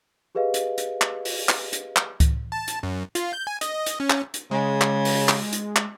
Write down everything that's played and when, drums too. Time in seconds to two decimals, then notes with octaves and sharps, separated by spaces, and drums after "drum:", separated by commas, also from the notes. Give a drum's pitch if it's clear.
0.35 G4 G#4 B4 D#5 F5
0.54 drum: hi-hat
0.78 drum: hi-hat
1.01 drum: clap
1.25 drum: open hi-hat
1.49 drum: clap
1.73 drum: hi-hat
1.96 drum: clap
2.20 drum: kick C#2, hi-hat
2.52 A5
2.68 drum: hi-hat
2.83 F#2
3.15 F4, drum: hi-hat
3.33 G6
3.47 G#5
3.61 D#5, drum: hi-hat
3.86 drum: hi-hat
4.00 C#4
4.10 drum: clap
4.34 drum: hi-hat
4.51 C#3 G#3
4.81 drum: clap
5.05 drum: open hi-hat
5.29 drum: clap
5.53 drum: hi-hat
5.76 drum: clap